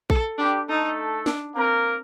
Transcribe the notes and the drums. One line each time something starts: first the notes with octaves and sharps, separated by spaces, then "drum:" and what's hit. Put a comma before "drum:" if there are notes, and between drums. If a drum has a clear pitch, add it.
A4, drum: kick A#1
G3 D4 G4
A3 D#4 A4
D4, drum: snare
A#3 C4 A#4